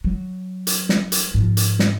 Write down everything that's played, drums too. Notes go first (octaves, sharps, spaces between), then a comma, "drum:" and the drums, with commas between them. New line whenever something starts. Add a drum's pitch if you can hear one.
F#3
drum: hi-hat
drum: snare
drum: hi-hat
G#2 F3
drum: hi-hat
drum: snare